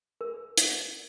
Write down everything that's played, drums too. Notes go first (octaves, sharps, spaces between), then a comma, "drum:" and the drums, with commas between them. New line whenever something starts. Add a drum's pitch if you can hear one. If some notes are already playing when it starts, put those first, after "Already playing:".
A#4
drum: hi-hat